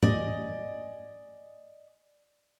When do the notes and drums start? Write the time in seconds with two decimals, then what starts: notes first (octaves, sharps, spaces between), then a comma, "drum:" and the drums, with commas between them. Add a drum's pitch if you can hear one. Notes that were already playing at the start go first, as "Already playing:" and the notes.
0.03 D5 D#5 G#5, drum: tom